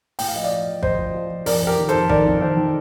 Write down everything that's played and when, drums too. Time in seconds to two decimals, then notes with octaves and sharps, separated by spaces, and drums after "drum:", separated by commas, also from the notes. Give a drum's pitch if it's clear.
0.19 A2 G5, drum: open hi-hat
0.28 F5
0.35 F3 D#5
0.44 D5 F5
0.51 F3
0.67 F3
0.83 F3 C5 D#5, drum: kick G#1
0.99 F3
1.14 F3
1.31 F3
1.46 F2 A#4 D5, drum: open hi-hat
1.62 F2
1.67 G4 A#4
1.78 D#3
1.89 A4 C5, drum: hi-hat
1.94 F2
2.09 D#3 A#4 D5, drum: kick G#1
2.26 F2
2.41 D#3 A4 C5
2.57 D#3